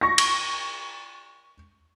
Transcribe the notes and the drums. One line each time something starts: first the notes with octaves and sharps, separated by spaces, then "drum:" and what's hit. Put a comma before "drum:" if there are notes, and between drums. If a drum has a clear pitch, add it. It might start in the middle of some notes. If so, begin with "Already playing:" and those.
C#6 A#6
drum: cymbal